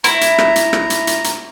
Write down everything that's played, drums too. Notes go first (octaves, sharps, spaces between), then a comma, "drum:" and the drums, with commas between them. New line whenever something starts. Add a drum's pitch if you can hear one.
E4 A#5, drum: hi-hat
drum: hi-hat
drum: rim click
drum: hi-hat
drum: rim click
drum: hi-hat
drum: hi-hat
drum: hi-hat